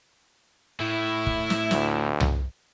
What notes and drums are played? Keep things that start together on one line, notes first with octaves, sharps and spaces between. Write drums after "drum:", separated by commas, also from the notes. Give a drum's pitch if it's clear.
A2 E4
drum: kick
drum: snare
D2, drum: snare
drum: tom C2